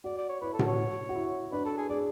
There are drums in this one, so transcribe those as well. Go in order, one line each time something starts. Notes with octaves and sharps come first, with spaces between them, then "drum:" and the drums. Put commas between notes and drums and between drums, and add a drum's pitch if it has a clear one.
F#4 D5
D5
C#5
E4 B4
A4
F#4, drum: tom A2
C#5
F#4
E4
D4 B4
A4
G#4
G#4 D5